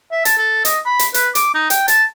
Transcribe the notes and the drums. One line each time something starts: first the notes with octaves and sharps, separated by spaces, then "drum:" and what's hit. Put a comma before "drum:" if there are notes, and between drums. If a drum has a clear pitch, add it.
E5
A5, drum: hi-hat
A4
D#5, drum: hi-hat
B5
drum: hi-hat
B4, drum: hi-hat
D6, drum: hi-hat
D#4
G5, drum: hi-hat
A5, drum: hi-hat